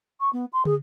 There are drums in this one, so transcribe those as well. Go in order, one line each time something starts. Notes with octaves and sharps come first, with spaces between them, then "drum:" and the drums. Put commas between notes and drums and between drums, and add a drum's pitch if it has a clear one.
C#6
B3
C6
G#4, drum: tom